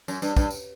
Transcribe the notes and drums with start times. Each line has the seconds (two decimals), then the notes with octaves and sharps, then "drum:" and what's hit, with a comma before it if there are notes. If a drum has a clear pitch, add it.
0.08 F#2, drum: tambourine
0.22 G2, drum: tambourine
0.37 G2, drum: kick, tambourine
0.51 drum: tambourine